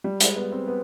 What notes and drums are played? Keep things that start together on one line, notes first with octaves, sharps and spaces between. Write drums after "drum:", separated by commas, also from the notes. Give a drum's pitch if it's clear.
G3
G#3, drum: hi-hat
B3
C4
B3